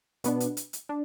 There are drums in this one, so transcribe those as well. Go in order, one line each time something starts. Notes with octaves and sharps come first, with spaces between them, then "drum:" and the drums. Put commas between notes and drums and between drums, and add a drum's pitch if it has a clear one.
B2 B3 D4, drum: hi-hat
drum: hi-hat
drum: hi-hat
drum: hi-hat
D4